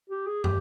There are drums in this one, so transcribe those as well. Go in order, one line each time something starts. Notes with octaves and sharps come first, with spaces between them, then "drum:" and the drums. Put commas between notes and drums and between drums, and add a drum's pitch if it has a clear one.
G4
G#4
G4, drum: tom